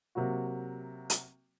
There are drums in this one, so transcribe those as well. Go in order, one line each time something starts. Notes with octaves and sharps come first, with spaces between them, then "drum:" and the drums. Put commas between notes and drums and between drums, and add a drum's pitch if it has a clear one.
C3 F#3 A#3 F#4
drum: hi-hat